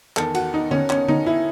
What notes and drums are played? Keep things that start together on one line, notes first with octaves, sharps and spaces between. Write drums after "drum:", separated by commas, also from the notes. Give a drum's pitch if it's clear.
E2 D#3 A4, drum: clap
F#4, drum: cymbal
D#4
C#4, drum: tom D3
C#4, drum: clap
D#4, drum: tom D3
E4